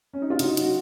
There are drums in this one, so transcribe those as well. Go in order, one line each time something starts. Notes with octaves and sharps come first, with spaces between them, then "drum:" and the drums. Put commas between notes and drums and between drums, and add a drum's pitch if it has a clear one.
C#4
D#4
F4
C#3 D#4 F#4, drum: hi-hat
F#3, drum: hi-hat
F#4